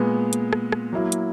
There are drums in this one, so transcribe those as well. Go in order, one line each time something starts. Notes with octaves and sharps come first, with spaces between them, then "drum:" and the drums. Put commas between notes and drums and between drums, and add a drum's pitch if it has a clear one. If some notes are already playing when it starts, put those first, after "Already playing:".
Already playing: A#2 G#3 B3
drum: hi-hat
drum: rim click
drum: rim click
F#3 A#3 E4
drum: hi-hat